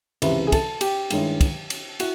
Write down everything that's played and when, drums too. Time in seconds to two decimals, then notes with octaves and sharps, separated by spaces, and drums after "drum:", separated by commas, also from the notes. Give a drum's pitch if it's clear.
0.22 C#2 C3 E3 B4, drum: cymbal
0.47 G#4
0.52 A4, drum: kick, cymbal
0.81 G4, drum: cymbal
1.10 G2 D#3 G#3 C#4 E4, drum: cymbal
1.41 drum: kick, cymbal
1.70 drum: cymbal
2.00 E4 F#4, drum: cymbal